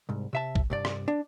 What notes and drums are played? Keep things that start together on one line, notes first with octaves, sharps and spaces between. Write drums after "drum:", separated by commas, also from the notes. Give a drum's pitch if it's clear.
C2 G#2
C3 E5 A5
drum: kick
C2 G2 D5
drum: rim click
D4